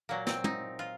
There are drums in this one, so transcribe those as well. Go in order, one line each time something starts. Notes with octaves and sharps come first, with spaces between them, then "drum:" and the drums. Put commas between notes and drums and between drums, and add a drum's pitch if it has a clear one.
A#2 F#3 A#3
C4, drum: snare
D#4, drum: tom
F4